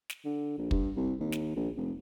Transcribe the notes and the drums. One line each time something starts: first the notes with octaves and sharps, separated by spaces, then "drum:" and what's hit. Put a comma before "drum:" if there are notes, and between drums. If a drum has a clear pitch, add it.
drum: snare
D3
A#1
G2, drum: kick
C2
D#2
drum: snare
A#1
F1